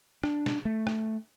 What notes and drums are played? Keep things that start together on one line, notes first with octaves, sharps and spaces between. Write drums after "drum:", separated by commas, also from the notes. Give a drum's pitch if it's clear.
D4, drum: rim click
drum: snare
A3
drum: rim click